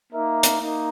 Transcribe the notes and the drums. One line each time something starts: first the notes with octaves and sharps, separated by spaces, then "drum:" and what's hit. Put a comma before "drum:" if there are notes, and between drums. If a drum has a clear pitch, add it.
A#3 D#4 A#4 E5
drum: hi-hat
A#3 D#4